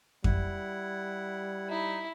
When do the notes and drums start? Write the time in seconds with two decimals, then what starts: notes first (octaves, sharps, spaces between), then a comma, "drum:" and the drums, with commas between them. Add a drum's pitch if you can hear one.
0.24 G3 E4 F#5, drum: kick F2
1.70 D#4 E4